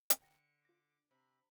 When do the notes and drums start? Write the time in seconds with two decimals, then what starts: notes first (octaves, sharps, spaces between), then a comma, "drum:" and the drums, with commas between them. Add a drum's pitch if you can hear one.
0.10 drum: hi-hat
0.22 D3 G5 A#6 C#7
0.65 F4 D6 A#6
1.11 C3 B5